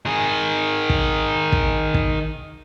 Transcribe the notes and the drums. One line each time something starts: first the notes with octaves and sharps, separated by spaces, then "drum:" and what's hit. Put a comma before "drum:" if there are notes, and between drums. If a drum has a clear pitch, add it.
D#3 G#4
drum: kick
drum: kick
drum: kick